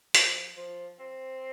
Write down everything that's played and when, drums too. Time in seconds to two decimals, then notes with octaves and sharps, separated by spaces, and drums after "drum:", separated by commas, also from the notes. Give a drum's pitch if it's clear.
0.15 F3, drum: hi-hat
0.56 F3
0.99 C4